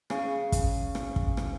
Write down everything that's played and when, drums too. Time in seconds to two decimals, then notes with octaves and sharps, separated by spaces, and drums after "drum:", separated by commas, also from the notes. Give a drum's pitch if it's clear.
0.10 C#3, drum: rim click
0.52 drum: kick, hi-hat
0.95 drum: rim click
1.16 drum: kick
1.37 drum: rim click